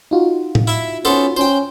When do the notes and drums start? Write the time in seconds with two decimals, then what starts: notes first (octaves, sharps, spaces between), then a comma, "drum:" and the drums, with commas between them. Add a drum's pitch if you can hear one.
0.11 D#4 F4 F#4
0.55 drum: tom A2
0.67 E4 E5
1.05 B3 C#4 A4 C5
1.37 C#4 C5 G5